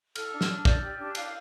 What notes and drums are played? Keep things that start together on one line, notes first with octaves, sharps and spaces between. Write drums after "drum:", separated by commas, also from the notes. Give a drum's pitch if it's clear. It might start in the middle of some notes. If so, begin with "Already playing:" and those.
A4 F6, drum: cymbal
D4 E6
F6, drum: snare
D4
D5 G6, drum: kick
G4
D4
F5 C7, drum: cymbal